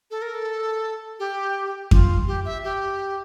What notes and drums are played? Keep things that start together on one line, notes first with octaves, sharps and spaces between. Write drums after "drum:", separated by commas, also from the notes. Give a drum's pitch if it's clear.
A4
A#4
A4
G4
F4, drum: kick F2
G4
E5
G4